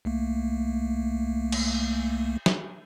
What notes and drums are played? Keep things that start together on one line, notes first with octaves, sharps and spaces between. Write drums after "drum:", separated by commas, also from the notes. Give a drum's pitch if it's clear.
C2 A3 A#3
drum: cymbal
drum: snare